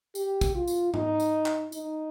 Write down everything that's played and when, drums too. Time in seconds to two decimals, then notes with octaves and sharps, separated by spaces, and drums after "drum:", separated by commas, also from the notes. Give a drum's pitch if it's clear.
0.15 G4, drum: tambourine
0.41 drum: kick, tambourine
0.55 F4
0.68 drum: tambourine
0.94 D#4, drum: tom G#2
1.20 drum: tambourine
1.46 drum: clap
1.72 D#4, drum: tambourine